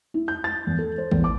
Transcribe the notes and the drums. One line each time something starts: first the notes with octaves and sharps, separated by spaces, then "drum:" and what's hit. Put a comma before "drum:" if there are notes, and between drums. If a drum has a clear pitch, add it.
E4
G6
A6
E2
A4
C5
E2, drum: kick
D6